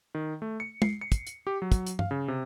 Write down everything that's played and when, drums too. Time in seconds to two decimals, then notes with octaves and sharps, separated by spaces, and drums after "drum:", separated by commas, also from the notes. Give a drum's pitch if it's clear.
0.15 D#3
0.42 A3
0.60 C#7
0.82 C7, drum: tom
1.01 C#7
1.12 drum: kick, hi-hat
1.27 drum: hi-hat
1.47 G4
1.62 F#3
1.72 drum: kick, hi-hat
1.87 drum: hi-hat
1.99 F5, drum: tom G2
2.11 C#3
2.28 C3